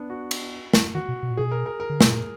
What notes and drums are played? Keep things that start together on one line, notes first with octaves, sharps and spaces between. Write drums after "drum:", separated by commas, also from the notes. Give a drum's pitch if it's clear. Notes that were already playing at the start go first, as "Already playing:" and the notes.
Already playing: B3 D4
F#4
drum: cymbal
drum: snare
D#3 F#4
B2
B2
A#2
B2 G#4
A#4
A#4
A#4
D3
B2, drum: snare
A#2